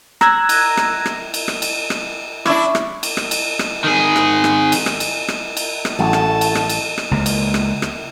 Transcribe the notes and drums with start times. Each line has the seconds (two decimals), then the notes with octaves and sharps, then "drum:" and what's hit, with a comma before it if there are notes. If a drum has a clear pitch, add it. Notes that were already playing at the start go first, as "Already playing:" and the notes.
0.21 A#5 E6 F#6 G#6 A#6, drum: rim click
0.49 drum: cymbal
0.77 drum: rim click
1.06 drum: rim click
1.34 drum: cymbal
1.48 drum: rim click
1.62 drum: cymbal
1.90 drum: rim click
2.46 D4 E4 E5 C#6 D6, drum: rim click
2.75 drum: rim click
3.03 drum: cymbal
3.17 drum: rim click
3.31 drum: cymbal
3.59 drum: rim click
3.84 D#3 G#4
4.16 drum: rim click
4.44 drum: rim click
4.72 drum: cymbal
4.86 drum: rim click
5.00 drum: cymbal
5.28 drum: rim click
5.57 drum: cymbal
5.85 drum: rim click
5.99 A1 A3 E4 F#4 A5
6.13 drum: rim click
6.41 drum: cymbal
6.55 drum: rim click
6.69 drum: cymbal
6.98 drum: rim click
7.11 C#2 C#3 A#3
7.26 drum: cymbal
7.54 drum: rim click
7.82 drum: rim click